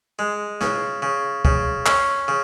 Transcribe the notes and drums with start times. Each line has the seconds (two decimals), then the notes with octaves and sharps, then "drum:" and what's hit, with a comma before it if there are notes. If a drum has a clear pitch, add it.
0.19 G#3
0.61 C#3, drum: snare
1.02 C#3
1.45 C#3, drum: kick
1.86 C#4, drum: clap
2.28 C#3